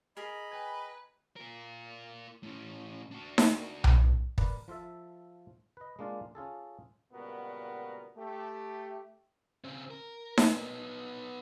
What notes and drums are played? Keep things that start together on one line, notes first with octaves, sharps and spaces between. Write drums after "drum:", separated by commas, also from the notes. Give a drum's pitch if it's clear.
G#4 A#4 D#5 B5
B4 G5 G#5 G#6
F4 A#4
A2 C#4
D4 F#4
drum: snare D#4
drum: tom B1
A#4 B4 D5, drum: kick
F3 F4 A4 E5
B4 D#5
G#3 A#3 D4 F4 D5
C#4 F4 G#4 A4
C#2 A#2 G3 B3 F#4 A#4
A3 G4
C#3 C4
A#4
B3 D#4, drum: snare D#4